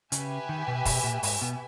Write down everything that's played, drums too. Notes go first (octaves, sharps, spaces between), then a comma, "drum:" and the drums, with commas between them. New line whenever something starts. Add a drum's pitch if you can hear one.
C#3 G4 B4 E5 G#5, drum: hi-hat
D#3
B2
B2, drum: kick, open hi-hat
A#2
G#2, drum: open hi-hat
B2